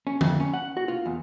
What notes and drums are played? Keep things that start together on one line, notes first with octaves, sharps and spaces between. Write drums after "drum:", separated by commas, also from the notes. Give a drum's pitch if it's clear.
C#4
F2, drum: tom D3
C#4
F#5
F#4
F4
E2